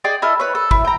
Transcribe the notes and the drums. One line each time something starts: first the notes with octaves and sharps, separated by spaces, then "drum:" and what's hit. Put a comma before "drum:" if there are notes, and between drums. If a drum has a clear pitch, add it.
G#4 D5 D#5 G5
E4 A4 D#5 F6
B4 C#5
A4
E4, drum: kick
G5 A#5